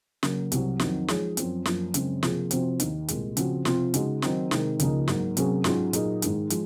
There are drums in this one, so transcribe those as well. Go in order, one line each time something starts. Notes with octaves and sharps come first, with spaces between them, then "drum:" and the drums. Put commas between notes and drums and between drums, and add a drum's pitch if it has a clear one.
C#3 F#3 A#3, drum: snare
C2 C3 F#3, drum: hi-hat
F2 D#3 F#3 C4, drum: snare
F3 G#3 D#4 G#4 C#5, drum: snare
F#2 F3 C4, drum: hi-hat
F#2 F3 A#3 F4, drum: snare
F#2 C#3 G#3 C4, drum: hi-hat
C3 F3 A#3 F4 G#4, drum: snare
C3 F3 C4 F#4 C5, drum: hi-hat
D#2 D#3 A#3, drum: hi-hat
C2 A#2 G#3, drum: hi-hat
C#3 F3 C4 F#4, drum: hi-hat
C3 F3 C4 F4, drum: snare
C#3 G#3 D#4 F#4, drum: hi-hat
D#3 F#3 C4 D#4 F#4, drum: snare
C3 D#3 G#3 D#4 A#4, drum: snare
C#2 C#3 F3 A#3 D#4, drum: hi-hat
G#2 F#3 A#3, drum: snare
C3 F#3 A#3 C#4 G#4, drum: hi-hat
G#2 F#3 C#4 F4 G#4, drum: snare
A#2 F#3 A#3 D#4 G#4, drum: hi-hat
G#2 D#3 G#3, drum: hi-hat
F3 G#3, drum: hi-hat